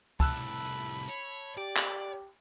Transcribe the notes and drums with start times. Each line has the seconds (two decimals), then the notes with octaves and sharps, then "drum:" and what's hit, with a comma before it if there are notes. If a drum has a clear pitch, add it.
0.20 C2 A2 A5 B5 E6 F#6, drum: kick, hi-hat
0.65 drum: hi-hat
1.08 C#5, drum: hi-hat
1.58 G4 D5
1.76 drum: clap